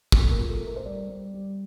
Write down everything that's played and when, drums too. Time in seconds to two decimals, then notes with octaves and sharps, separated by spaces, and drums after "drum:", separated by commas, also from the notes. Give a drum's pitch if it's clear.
0.12 A3, drum: kick
0.31 A#4
0.37 A#2
0.48 A4
0.60 A3
0.67 A#4
0.76 C5
0.85 G3 D5
1.09 G3
1.34 G3